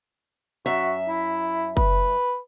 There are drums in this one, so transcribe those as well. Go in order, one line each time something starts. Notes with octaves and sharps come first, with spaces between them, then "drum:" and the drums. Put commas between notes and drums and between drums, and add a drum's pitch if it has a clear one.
F#2 F#4 E5
E4
B4, drum: kick